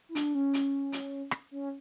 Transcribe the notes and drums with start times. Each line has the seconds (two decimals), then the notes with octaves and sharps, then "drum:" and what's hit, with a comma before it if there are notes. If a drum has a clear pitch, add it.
0.09 E4
0.15 D4, drum: hi-hat
0.35 C#4
0.54 drum: hi-hat
0.92 drum: hi-hat
1.31 drum: rim click
1.51 C#4